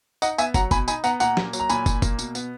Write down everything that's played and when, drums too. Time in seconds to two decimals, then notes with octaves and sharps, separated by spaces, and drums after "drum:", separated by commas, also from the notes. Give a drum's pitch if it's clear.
0.22 D#4 D#5 F#5, drum: tambourine
0.38 B3 E5 G#5, drum: tambourine
0.54 F#3 F#5 A#5, drum: kick, tambourine
0.71 B2 G#5 B5, drum: kick, tambourine
0.88 D#4 G#5 B5, drum: tambourine
1.04 B3 F#5 A#5, drum: tambourine
1.20 A#2 F#5 A#5, drum: tambourine
1.37 A#3, drum: snare
1.53 F#3, drum: tambourine
1.60 A#5
1.69 A#2 G#5 B5, drum: tambourine
1.86 A#2, drum: kick, tambourine
2.02 A#3, drum: kick, tambourine
2.19 B2, drum: tambourine
2.35 B3, drum: tambourine